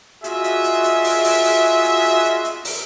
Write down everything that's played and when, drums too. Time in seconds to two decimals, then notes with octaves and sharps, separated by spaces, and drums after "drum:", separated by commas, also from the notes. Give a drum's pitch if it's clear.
0.24 F4 F#4 G#4 D#5 E5, drum: hi-hat
0.44 drum: hi-hat
0.64 drum: hi-hat
0.84 drum: hi-hat
1.04 drum: open hi-hat
1.24 drum: open hi-hat
1.44 drum: open hi-hat
1.84 drum: hi-hat
2.05 drum: hi-hat
2.25 drum: hi-hat
2.45 drum: hi-hat
2.65 drum: open hi-hat